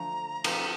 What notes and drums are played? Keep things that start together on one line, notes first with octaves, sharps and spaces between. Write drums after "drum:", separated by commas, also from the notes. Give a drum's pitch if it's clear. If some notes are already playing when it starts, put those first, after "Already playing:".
Already playing: D3 F3 A3 A#5
F3 C4 G4, drum: cymbal